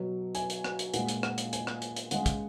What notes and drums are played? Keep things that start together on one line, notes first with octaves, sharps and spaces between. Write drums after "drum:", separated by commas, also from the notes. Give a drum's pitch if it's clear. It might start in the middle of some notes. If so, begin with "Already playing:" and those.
Already playing: B2 F#3
G#5, drum: hi-hat
drum: hi-hat
drum: rim click
drum: hi-hat
A#2 G#3 F#5, drum: hi-hat
drum: hi-hat
F#5, drum: rim click
drum: hi-hat
G#5, drum: hi-hat
drum: rim click
drum: hi-hat
drum: hi-hat
C#3 G#3 F#5, drum: hi-hat
drum: kick, hi-hat